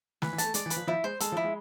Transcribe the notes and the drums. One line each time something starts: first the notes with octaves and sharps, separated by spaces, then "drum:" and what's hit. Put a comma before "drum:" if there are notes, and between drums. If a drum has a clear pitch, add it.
E3 B4, drum: snare
E3
A3 A5, drum: hi-hat
G#3 D5, drum: hi-hat
E3
B4, drum: hi-hat
F3
F3 E4
G#3 C5
G#3 A4, drum: hi-hat
F3 E4
G#3